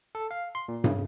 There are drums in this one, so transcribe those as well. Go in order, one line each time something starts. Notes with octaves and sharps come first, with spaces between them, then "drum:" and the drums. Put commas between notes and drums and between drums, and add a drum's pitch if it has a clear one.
A4
F5
C6
A#2
C#3, drum: tom G2